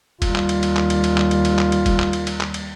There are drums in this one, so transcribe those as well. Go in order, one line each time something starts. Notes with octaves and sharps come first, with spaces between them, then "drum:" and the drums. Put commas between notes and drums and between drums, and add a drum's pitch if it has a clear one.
D#2 G3 F4, drum: kick, cymbal
drum: clap
drum: cymbal
drum: cymbal
drum: clap
drum: cymbal
drum: cymbal
drum: clap
drum: cymbal
drum: cymbal
drum: clap
drum: cymbal
drum: kick, cymbal
drum: clap
drum: cymbal
drum: cymbal
drum: clap
drum: cymbal